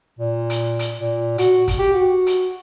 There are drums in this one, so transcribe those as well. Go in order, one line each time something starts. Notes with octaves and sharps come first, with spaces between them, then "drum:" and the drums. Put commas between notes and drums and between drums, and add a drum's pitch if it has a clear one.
A#2
drum: hi-hat
drum: hi-hat
A#2
F#4, drum: hi-hat
drum: kick, hi-hat
G4
F#4
drum: hi-hat